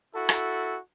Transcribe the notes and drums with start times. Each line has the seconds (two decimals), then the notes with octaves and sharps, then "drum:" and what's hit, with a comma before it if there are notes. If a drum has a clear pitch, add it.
0.15 E4 F#4 A4
0.29 drum: rim click